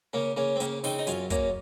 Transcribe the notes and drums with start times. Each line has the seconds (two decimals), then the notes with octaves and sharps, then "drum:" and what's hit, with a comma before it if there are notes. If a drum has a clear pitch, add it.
0.13 C#3 A#3 C#4
0.36 C#3 A#3 C#4
0.56 C4
0.60 C#3 A#3 C#4, drum: hi-hat
0.84 C#3 C4 D#4, drum: open hi-hat
0.98 D#4
1.07 F#2 C#4 F4, drum: hi-hat
1.30 F#2 A#3 C#4, drum: kick, hi-hat